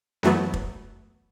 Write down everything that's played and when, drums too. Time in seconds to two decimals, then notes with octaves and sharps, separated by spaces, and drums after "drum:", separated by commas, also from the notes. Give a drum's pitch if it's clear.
0.23 F#2 E3 F#3 A3 B3, drum: snare B3
0.54 drum: kick